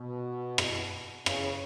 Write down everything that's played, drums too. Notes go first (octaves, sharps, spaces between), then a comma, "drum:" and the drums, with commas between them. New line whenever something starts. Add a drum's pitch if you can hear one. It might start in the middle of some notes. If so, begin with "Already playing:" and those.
Already playing: B2
drum: rim click
C#3, drum: rim click